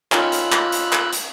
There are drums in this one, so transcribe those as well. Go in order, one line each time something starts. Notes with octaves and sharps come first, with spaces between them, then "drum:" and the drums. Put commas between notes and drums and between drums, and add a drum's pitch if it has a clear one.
D#3 C#4 F4 B5 E6 F#6, drum: clap
drum: hi-hat
drum: clap
drum: hi-hat
drum: clap
drum: hi-hat